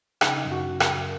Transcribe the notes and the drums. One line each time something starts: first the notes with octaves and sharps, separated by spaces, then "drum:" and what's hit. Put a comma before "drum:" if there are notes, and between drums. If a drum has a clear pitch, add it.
C#3 D#4, drum: rim click
F#2
F#4
C#3
A#4, drum: rim click
F#2